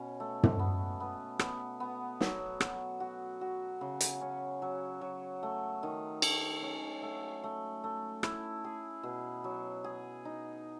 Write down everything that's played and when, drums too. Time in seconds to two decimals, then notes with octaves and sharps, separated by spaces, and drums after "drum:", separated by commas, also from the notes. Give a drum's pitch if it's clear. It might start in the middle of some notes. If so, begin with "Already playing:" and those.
Already playing: B2 C#4
0.20 A3
0.43 drum: tom
0.59 B3
1.00 B3
1.39 B3, drum: rim click
1.80 B3
2.21 F#3, drum: snare
2.60 F#4, drum: rim click
3.00 F#4
3.41 F#4
3.81 C#3
4.01 drum: hi-hat
4.21 C#4
4.62 F#3
5.01 F#3
5.43 A3
5.83 D#3
6.22 A3, drum: cymbal
6.62 C#4
7.02 A3
7.44 A3
7.84 A3
8.23 E4, drum: rim click
8.64 G#4
9.03 B2
9.44 F#3
9.84 G#4
10.25 D#4